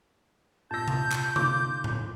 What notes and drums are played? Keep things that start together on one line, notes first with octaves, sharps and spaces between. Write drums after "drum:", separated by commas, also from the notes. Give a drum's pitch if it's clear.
A#2 A5 E6 G6 A#6
drum: tom C3
drum: clap
D3 D#4 F4 D6, drum: tom C3
drum: tom A2